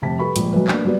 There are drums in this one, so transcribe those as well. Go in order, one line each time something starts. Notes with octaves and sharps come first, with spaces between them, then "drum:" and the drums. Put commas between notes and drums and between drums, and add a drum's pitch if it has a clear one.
F1 C3 A5 B6
G4 A4 B4 B5 C#6
A#1 G#3, drum: hi-hat
B1 B2 A3 B4 C#5
A#3 D4 B4, drum: clap
F#3 B3 G4 B4 D5